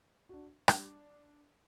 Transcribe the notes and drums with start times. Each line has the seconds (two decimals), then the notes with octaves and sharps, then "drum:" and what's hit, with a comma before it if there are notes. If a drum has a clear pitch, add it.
0.29 D4 F#4
0.68 G3 D4, drum: rim click